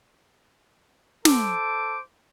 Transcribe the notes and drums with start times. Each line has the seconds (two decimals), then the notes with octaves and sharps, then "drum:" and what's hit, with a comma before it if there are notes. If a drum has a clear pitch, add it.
1.25 A4 C5 D6, drum: snare